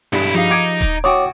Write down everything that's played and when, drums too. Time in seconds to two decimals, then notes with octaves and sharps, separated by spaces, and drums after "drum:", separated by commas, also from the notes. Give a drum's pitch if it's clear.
0.13 B1 G2 G#3 E4
0.34 F3 D#4 G4 G#4 F5, drum: hi-hat
0.50 D6 G#6 D7
0.81 drum: kick D#1, hi-hat
1.04 A2 F#4 C#5 G5 D6 D#6